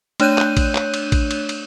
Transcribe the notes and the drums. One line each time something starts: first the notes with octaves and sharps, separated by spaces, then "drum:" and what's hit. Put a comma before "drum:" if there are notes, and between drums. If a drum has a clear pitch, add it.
A3 D4 C#5 F#6 G6 D#7, drum: cymbal
drum: clap
drum: kick A1, cymbal
drum: clap
drum: cymbal
drum: kick A1, cymbal
drum: cymbal
drum: cymbal